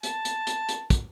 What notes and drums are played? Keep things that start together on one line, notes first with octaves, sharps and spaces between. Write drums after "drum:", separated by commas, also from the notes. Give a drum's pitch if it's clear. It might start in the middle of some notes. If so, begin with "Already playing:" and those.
A5, drum: hi-hat
drum: hi-hat
drum: hi-hat
drum: hi-hat
drum: kick, hi-hat